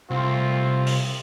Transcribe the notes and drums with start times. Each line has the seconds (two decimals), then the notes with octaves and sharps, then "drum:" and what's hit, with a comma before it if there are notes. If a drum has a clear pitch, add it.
0.11 C2 A3 C4 F4
0.87 drum: open hi-hat